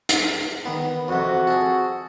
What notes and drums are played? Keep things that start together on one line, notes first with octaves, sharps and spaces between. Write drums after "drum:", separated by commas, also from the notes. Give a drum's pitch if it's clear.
drum: hi-hat
D#3 B3
F2 C3 F#4
G#4 A4